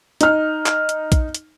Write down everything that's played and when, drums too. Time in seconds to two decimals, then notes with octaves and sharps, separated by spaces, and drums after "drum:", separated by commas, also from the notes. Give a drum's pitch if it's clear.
0.21 D#4 F6, drum: hi-hat
0.66 drum: clap
0.89 drum: hi-hat
1.12 drum: kick A#1, hi-hat
1.34 drum: hi-hat